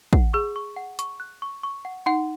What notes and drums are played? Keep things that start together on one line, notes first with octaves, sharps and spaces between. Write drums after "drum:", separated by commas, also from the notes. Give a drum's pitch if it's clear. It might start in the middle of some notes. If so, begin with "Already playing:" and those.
F#5, drum: kick
G#4 C#6
C#6
F#5
C#6, drum: hi-hat
F#6
C#6
C#6
F#5
D#4 F#5